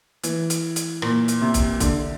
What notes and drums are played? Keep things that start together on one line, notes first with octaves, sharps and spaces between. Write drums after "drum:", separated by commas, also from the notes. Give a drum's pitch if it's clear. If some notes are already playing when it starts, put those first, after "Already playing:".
E3, drum: hi-hat
drum: hi-hat
drum: hi-hat
A#2, drum: rim click
drum: hi-hat
C3
drum: kick, hi-hat
D3, drum: kick, hi-hat